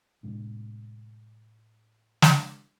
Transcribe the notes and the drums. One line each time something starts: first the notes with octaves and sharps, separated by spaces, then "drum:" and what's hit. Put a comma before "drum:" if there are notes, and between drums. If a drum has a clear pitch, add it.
A2 C3 G#3 D4
drum: snare